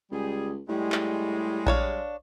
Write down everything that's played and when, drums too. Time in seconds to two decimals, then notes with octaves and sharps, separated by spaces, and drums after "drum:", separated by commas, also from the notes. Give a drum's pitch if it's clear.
0.12 C#2 G3 G#4
0.69 A2 G3 G#3
0.92 drum: clap
1.66 D4 C#5 F5, drum: kick A#1